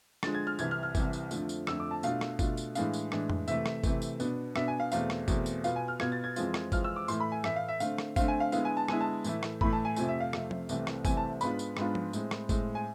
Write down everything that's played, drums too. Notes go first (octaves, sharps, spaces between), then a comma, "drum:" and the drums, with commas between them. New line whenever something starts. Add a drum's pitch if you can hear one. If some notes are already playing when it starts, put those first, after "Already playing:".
D3 F3 G#3 A6, drum: rim click
G#6
F6
C2 C3 E3 G#6, drum: tambourine
F6
F6
C2 C3 E3, drum: kick G1, tambourine
drum: tambourine
F2 D3 F3 A3, drum: tambourine
drum: tambourine
F2 D3 F3 A3 E6, drum: rim click
D6
A5
B2 A3 D4 F4 F5, drum: tambourine
drum: rim click
B2 A3 D4 F4, drum: kick G1, tambourine
drum: tambourine
A2 E3 G#3 D4 F5, drum: tambourine
drum: tambourine
A2 E3 G#3 D4, drum: rim click
drum: tom F2
C3 E3 A3 E5, drum: tambourine
drum: rim click
C3 E3 A3, drum: kick G1, tambourine
drum: tambourine
B2 B3 D4, drum: tambourine
B2 B3 D4 E5, drum: rim click
G#5
F5
E2 B2 A3 C4 F5, drum: tambourine
drum: rim click
E2 B2 A3 C4, drum: kick G1, tambourine
drum: tambourine
B2 B3 F4 F5, drum: tambourine
G#5
F6
B2 B3 F4 G#6, drum: rim click
A6
G#6
F2 E3 G#3 C4 F4, drum: tambourine
drum: rim click
F2 E3 G#3 C4 F4 F6, drum: kick G1, tambourine
E6
D6
A2 E3 A3 C6, drum: tambourine
B5
G#5
A2 E3 A3 E5, drum: rim click
F5
E5
D3 A3 C4 F5, drum: tambourine
drum: rim click
D3 A3 C4 F5, drum: kick G1, tambourine
G#5
F5
D3 G#3 B3 E4 F5, drum: tambourine
G#5
A5
D3 G#3 B3 E4 G#5, drum: rim click
A5
A2 E3 A3 E4, drum: tambourine
drum: rim click
A2 E3 A3 E4 B5, drum: kick G1
A5
G#5
F2 C3 F3 A3 G#5, drum: tambourine
E5
F5
F2 C3 F3 A3, drum: rim click
drum: tom F3
C2 C3 E3 A3 C4, drum: tambourine
drum: rim click
C2 C3 E3 A3 C4 G#5, drum: kick G1, tambourine
A5
G#2 G#3 B3 D4 F4 B5, drum: tambourine
drum: tambourine
G#2 G#3 B3 D4 F4, drum: rim click
drum: tom F3
A2 G#3 C4, drum: tambourine
drum: rim click
A2 G#3 C4, drum: kick G1, tambourine
G#5